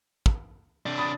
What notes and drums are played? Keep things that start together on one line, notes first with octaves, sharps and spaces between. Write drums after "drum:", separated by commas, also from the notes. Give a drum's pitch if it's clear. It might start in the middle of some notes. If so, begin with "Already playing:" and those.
drum: kick
C3 D4
B5 D#6 A6